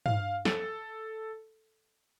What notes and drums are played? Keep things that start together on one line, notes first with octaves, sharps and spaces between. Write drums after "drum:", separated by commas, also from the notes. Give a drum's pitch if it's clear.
F5, drum: tom G2
A4, drum: snare